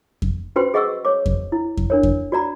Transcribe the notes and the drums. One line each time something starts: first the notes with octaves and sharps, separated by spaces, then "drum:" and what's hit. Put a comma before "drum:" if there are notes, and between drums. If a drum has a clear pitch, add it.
drum: kick F2
C#4 F#4 B4 C5 G5 C6
G#4 D#5 F#5 C#6 D6 E6
C#5 D6
drum: kick F2
E4
drum: kick F2
D4 A#4 C#5
drum: kick F2
F#4 D5 A#5 B5